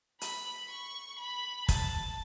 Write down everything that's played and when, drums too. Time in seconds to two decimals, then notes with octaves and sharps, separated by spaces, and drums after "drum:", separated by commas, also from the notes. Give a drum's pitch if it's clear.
0.21 B5, drum: hi-hat
0.71 C#6
1.19 B5
1.69 A5, drum: kick, hi-hat